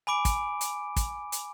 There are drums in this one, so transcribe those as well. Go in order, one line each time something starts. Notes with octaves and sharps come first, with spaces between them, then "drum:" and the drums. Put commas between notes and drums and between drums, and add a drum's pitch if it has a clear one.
G#5 B5 D6 D7
drum: kick, hi-hat
drum: hi-hat
drum: kick, hi-hat
drum: hi-hat